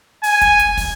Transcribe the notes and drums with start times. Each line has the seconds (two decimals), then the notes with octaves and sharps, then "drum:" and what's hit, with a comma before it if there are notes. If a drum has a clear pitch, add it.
0.23 G#5, drum: open hi-hat
0.41 drum: kick, hi-hat
0.59 drum: hi-hat
0.77 drum: kick, open hi-hat